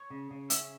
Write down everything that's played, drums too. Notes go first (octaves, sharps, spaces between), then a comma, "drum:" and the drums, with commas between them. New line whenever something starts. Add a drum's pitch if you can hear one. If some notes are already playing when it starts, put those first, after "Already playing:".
Already playing: C#5
C#3
C#3
C#4 E5, drum: hi-hat